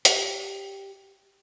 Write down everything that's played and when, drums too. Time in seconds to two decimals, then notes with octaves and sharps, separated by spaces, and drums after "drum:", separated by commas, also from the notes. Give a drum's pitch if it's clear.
0.05 G4, drum: hi-hat